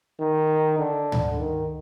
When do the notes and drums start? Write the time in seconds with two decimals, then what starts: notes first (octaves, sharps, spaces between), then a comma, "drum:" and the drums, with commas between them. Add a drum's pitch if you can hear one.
0.20 D#3
0.78 D3
1.12 drum: tom
1.39 D#3